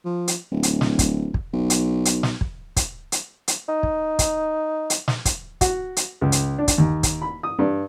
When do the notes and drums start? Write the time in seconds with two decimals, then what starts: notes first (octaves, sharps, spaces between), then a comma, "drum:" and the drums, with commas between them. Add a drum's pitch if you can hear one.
0.05 F3
0.28 drum: hi-hat
0.52 D1
0.63 drum: hi-hat
0.81 drum: snare
0.99 drum: kick, hi-hat
1.34 drum: kick
1.53 B1
1.70 drum: hi-hat
2.05 drum: hi-hat
2.23 drum: snare
2.41 drum: kick
2.76 drum: kick, hi-hat
3.12 drum: hi-hat
3.48 drum: hi-hat
3.69 D#4
3.83 drum: kick
4.19 drum: kick, hi-hat
4.90 drum: hi-hat
5.08 drum: snare
5.25 drum: kick, hi-hat
5.61 F#4, drum: kick, hi-hat
5.97 drum: hi-hat
6.21 C#2
6.32 drum: hi-hat
6.58 D4
6.68 drum: kick, hi-hat
6.78 D#2
7.03 drum: kick, hi-hat
7.22 B5
7.43 D#6
7.59 G2